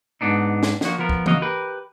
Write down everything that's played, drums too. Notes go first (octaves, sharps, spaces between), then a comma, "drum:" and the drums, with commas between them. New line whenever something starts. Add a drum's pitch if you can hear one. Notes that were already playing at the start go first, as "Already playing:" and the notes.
G#2 B3 D4 D#4
drum: snare
F3 A#3 F#4, drum: snare
F3 B3 A#4
drum: kick C2
C#3 A#3 F#4 D#5 F5, drum: tom E3
G4 A#4 B4